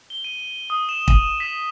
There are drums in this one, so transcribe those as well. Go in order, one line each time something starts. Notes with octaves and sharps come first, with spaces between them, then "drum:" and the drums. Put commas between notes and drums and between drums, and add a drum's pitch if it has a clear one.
G7
D#7
D#6
E7
D#7, drum: kick
B6